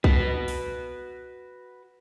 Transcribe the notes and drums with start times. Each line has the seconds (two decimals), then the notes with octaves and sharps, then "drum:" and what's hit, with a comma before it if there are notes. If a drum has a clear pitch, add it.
0.04 F#4 B4, drum: kick B1
0.48 drum: open hi-hat